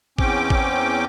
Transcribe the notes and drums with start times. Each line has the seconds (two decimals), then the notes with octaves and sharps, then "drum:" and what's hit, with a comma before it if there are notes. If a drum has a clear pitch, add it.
0.18 E2 C4 C#4 G5 D6, drum: kick
0.50 drum: kick